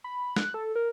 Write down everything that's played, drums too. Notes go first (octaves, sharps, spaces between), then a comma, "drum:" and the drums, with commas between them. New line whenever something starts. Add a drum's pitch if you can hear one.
B5
F#6, drum: snare
A4
A#4